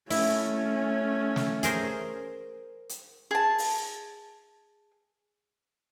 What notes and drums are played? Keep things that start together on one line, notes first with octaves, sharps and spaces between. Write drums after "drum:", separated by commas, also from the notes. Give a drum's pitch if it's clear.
A3 C#4 E4, drum: open hi-hat
drum: snare
G#4 A#4 C5, drum: hi-hat
drum: hi-hat
G#4 A5
drum: open hi-hat